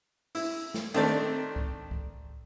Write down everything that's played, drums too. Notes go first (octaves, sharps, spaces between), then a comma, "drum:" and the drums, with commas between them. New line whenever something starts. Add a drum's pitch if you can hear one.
E4, drum: open hi-hat
drum: snare
D#3 A3 C4 D4 D5, drum: hi-hat
drum: kick C#2
drum: kick C#2